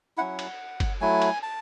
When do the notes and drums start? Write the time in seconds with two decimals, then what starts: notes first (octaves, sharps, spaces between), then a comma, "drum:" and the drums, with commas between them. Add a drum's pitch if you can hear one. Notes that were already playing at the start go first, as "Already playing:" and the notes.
0.17 F#3 C#4 E4 F#5
0.39 drum: cymbal
0.80 drum: kick F#1, cymbal
1.01 F#3 A3 E4 G#5
1.22 drum: cymbal
1.43 A5